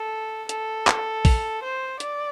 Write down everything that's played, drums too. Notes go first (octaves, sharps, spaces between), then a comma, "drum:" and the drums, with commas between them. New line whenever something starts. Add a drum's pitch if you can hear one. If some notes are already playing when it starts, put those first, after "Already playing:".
Already playing: A4
A4, drum: hi-hat
drum: clap
drum: kick A#1, open hi-hat
C5
D5, drum: hi-hat